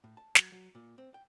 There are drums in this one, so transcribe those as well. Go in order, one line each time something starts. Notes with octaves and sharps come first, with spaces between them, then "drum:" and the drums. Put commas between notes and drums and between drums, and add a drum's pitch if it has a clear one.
A2
A5
F#3, drum: snare
F#3
A#2
C4
G5